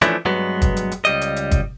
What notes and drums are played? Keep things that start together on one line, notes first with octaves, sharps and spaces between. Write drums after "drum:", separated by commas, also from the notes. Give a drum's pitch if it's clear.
E3 F3 A3 C#4 D4 E4, drum: hi-hat
G2 F#3 G#3 B3
drum: kick, hi-hat
drum: hi-hat
drum: hi-hat
C#2 G3 D#5, drum: hi-hat
drum: hi-hat
drum: hi-hat
drum: kick, hi-hat